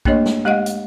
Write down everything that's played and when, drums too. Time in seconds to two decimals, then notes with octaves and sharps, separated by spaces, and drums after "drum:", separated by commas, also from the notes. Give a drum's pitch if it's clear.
0.05 A3 A#3 D4 G4 C#5 D#5, drum: kick
0.26 drum: snare
0.45 G#3 G4 D#5 F5 F#5
0.66 drum: hi-hat